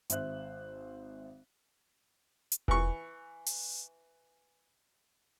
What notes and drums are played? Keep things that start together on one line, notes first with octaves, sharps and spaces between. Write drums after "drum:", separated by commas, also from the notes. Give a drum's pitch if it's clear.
G#1 C5 E5 F#6, drum: hi-hat
drum: hi-hat
E3 C#6, drum: kick E1
drum: open hi-hat